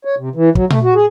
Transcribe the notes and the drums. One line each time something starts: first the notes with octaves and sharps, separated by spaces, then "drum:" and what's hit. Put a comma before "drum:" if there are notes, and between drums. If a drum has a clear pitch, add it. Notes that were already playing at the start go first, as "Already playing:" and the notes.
C#5
C3
E3
F#3, drum: kick
A3, drum: tom A#2
F#4
G#4